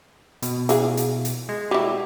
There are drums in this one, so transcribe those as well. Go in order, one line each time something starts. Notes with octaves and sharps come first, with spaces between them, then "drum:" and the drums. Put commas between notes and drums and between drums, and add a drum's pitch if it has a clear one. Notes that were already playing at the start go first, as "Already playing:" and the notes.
B2, drum: hi-hat
E3 G#4 F5, drum: hi-hat
drum: hi-hat
drum: hi-hat
G#3
G3 E4 F#4